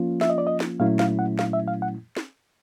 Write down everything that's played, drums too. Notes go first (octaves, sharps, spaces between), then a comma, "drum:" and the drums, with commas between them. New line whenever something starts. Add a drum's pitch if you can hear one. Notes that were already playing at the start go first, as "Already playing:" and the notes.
Already playing: F3 A#3 C#4 F4
E5, drum: snare
D#5
D5
D#5
drum: snare
A#2 F#3 A3 C#4 E4 F5
F5, drum: snare
F#5
F5, drum: snare
E5
F5
F#5
drum: snare